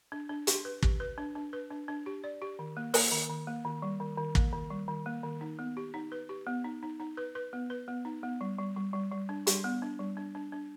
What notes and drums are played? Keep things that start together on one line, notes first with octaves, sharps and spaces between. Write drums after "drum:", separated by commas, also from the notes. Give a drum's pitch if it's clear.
D4
D4
G4, drum: hi-hat
B4
G4, drum: kick
B4
D4
D4
B4
D4
D4
G4
D5
G4
D#3
A#3
A#3, drum: open hi-hat
D#3
D#3
A#3
D#3
G3
D#3
D#3
A#3, drum: kick
D#3
G3
D#3
A#3
D#3
D#4
B3
G4
D#4
B4
G4
B3
D#4
D#4
D#4
B4
B4
B3
B4
B3
D#4
B3
G3
G3
G3
G3
G3
D4
G3, drum: hi-hat
B3
D4
G3
D4
D4
D4